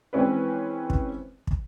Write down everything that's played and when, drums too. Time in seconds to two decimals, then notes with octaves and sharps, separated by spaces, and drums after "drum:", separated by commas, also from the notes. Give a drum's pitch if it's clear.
0.13 E3 G#3 C4 C#4 E4 B4
0.90 drum: kick
1.47 drum: kick